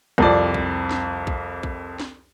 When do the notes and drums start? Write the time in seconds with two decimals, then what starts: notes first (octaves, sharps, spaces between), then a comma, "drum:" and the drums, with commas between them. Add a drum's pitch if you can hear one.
0.18 C2 F2 D5, drum: kick A#1
0.54 drum: kick A#1
0.91 drum: snare
1.27 drum: kick A#1
1.63 drum: kick A#1
2.00 drum: snare